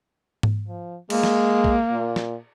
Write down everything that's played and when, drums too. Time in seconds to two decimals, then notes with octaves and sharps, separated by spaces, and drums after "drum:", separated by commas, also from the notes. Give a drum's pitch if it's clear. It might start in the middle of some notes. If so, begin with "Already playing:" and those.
0.43 drum: tom G#2
0.68 F3
1.10 G#3 A#3, drum: cymbal
1.23 drum: snare
1.64 drum: kick A#1
1.92 A#2
2.16 drum: snare